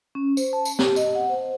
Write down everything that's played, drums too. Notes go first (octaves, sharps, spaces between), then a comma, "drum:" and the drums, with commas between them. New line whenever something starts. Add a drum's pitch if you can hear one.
C#4
C5, drum: tambourine
A5
drum: tambourine
G4, drum: snare
D#5, drum: tambourine
F#5
C5